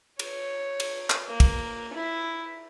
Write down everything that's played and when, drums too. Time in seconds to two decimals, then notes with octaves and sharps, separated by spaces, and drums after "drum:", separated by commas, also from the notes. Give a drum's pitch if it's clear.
0.19 C#5, drum: cymbal
0.80 drum: cymbal
1.10 drum: clap
1.26 A#3
1.40 drum: kick, cymbal
1.93 E4